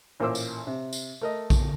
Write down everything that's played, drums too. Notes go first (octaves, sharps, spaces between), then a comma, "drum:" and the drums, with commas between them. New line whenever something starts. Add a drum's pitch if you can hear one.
A1 A#2 A#4 C5 D6 E6
drum: tambourine
C3
drum: tambourine
A3 A#4 D#5
drum: kick A#1, tambourine